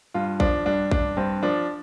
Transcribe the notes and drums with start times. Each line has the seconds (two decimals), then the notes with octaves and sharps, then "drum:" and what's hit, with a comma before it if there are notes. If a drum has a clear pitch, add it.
0.14 G2 F4
0.40 F3 D4, drum: kick A1
0.66 G2 D4
0.91 G2 D4, drum: kick A1
1.17 G2 C4
1.43 F3 D4